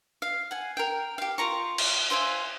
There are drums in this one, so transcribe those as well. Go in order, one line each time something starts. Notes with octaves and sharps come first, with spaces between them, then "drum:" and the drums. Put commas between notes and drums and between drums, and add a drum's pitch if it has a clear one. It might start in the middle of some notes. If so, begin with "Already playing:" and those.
F5
F#5 G#5
A#4 G5
G4 F5
F4 A#4 A#5 C#6
drum: cymbal
F4 C5 E5 G#5